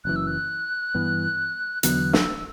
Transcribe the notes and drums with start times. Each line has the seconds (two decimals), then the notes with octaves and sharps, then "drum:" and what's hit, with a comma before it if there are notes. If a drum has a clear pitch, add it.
0.04 F#1 F#2 E3 F#6
0.16 E6
0.27 F#6
0.95 G2 E3 B3
1.83 E2 D3 F#3 B3 F#6, drum: hi-hat
2.13 E6, drum: snare